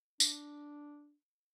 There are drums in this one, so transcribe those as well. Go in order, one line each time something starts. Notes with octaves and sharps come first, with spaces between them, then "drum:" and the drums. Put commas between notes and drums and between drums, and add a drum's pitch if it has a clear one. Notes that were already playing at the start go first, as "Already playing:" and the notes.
D4, drum: tambourine